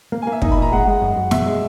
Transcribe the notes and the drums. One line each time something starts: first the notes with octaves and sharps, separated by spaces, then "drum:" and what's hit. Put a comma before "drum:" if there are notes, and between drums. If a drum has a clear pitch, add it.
A#3
G#5
A#3 E5
D#4 D#5, drum: kick
B5
A#2 A#5
G#3 F#5
G#3
F#2
F#2
B2 E5, drum: snare
G#3